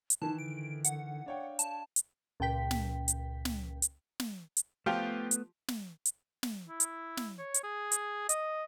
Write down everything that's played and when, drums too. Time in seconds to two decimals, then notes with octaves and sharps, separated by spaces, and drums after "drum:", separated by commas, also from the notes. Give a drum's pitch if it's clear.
0.10 drum: hi-hat
0.22 D#3 E3 D#4 A5
0.38 D3 D7
0.85 F#5, drum: hi-hat
1.26 D4 C#5 F5 G5
1.59 A5, drum: hi-hat
1.96 drum: hi-hat
2.40 C#2 A#2 G5 B6
2.71 drum: snare
3.08 drum: hi-hat
3.45 drum: snare
3.82 drum: hi-hat
4.20 drum: snare
4.57 drum: hi-hat
4.86 F3 A3 B3 F4 G4
5.31 drum: hi-hat
5.68 drum: snare
6.06 drum: hi-hat
6.43 drum: snare
6.69 E4
6.80 drum: hi-hat
7.17 drum: snare
7.39 C#5
7.54 drum: hi-hat
7.64 G#4
7.92 drum: hi-hat
8.29 D#5, drum: hi-hat